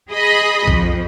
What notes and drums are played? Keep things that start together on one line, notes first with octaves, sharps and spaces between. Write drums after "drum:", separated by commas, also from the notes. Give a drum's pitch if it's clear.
G#4 D#5 B5
F2, drum: kick